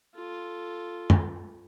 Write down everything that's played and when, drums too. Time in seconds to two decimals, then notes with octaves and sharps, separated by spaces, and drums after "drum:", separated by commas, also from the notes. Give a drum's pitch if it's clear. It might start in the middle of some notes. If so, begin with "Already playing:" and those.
0.15 F4 A4
1.10 drum: tom